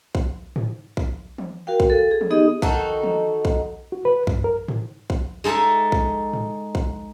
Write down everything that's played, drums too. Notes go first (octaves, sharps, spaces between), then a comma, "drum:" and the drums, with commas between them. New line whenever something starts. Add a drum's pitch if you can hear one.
drum: kick A#1
drum: tom G#2
drum: kick A#1
drum: tom E3
F#4 A#4 F5 G5
drum: kick A#1
A4
G#4
drum: tom E3
B3 D#4 G4 G#4 D#5 D#6
D#3 D#4 F#4 A4, drum: kick A#1
drum: tom E3
drum: kick A#1
F#4
B4
G2, drum: kick A#1
A#4
drum: tom G#2
drum: kick A#1
G#3 D#4 A4 E5 A5
drum: kick A#1
drum: tom G#2
drum: kick A#1